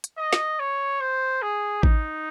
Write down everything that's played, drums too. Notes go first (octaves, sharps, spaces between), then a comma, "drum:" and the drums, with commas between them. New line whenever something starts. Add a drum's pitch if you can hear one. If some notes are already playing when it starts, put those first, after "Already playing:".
drum: hi-hat
D#5
drum: snare
C#5
C5
G#4
D#4, drum: kick A1